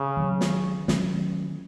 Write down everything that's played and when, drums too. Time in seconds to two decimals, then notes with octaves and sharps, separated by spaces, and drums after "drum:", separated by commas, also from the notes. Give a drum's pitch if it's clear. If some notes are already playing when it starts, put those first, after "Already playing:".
Already playing: C#3
0.17 D#3 F#3 A3 C#4
0.41 drum: snare
0.88 D#3 F#3 A3 C#4, drum: snare